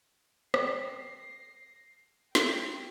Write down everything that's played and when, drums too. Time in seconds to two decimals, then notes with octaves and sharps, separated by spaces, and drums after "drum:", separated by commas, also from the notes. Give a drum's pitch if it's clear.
0.54 G3 D5 A#6 C7, drum: rim click
2.35 G5, drum: snare